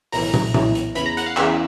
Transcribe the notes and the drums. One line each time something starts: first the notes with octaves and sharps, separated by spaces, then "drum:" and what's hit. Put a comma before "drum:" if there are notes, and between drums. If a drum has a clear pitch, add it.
B1 A2 E3 A#5, drum: open hi-hat
drum: tom
B1 A2 E3, drum: tom
drum: hi-hat
E2 C#3 E3 B5, drum: hi-hat
A#5
F#5, drum: hi-hat
F5
E2 C#3 E3 E5, drum: clap